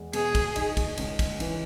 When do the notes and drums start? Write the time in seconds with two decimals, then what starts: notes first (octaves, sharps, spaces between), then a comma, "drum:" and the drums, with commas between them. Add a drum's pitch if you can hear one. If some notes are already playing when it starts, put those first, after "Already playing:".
Already playing: E2 G#3
0.13 B2 G#4, drum: cymbal
0.35 drum: kick, cymbal
0.56 D#4, drum: cymbal
0.77 drum: kick, cymbal
0.98 C#2, drum: cymbal
1.19 drum: kick, cymbal
1.40 E3, drum: cymbal